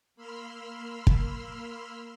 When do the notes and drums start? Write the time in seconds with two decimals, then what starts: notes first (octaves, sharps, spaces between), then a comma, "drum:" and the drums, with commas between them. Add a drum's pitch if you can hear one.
0.16 A#3 B5 C6 E6 F6
1.07 drum: kick